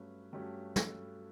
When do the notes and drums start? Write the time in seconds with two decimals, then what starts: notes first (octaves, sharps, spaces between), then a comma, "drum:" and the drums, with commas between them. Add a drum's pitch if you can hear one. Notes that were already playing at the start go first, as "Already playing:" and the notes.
Already playing: G2 F#3 A3 C#4 B4
0.33 G2 F#3 A3 C#4 G4
0.76 A4, drum: snare